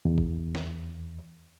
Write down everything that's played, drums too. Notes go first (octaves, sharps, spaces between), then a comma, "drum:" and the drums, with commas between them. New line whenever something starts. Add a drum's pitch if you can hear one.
E2
drum: kick
drum: snare